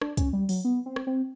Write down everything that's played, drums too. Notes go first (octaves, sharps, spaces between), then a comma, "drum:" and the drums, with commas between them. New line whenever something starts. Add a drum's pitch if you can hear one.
D4, drum: rim click
C#4, drum: kick, hi-hat
G3
F#3, drum: open hi-hat
B3
C4
drum: rim click
C4